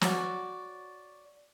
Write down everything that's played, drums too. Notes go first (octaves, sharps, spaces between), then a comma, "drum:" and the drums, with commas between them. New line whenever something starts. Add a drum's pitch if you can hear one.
F#4 C#5 D5, drum: snare